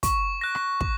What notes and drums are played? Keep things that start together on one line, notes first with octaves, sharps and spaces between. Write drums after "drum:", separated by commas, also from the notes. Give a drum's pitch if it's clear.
C#6, drum: kick, hi-hat
F#6 A#6
drum: rim click
C#6, drum: kick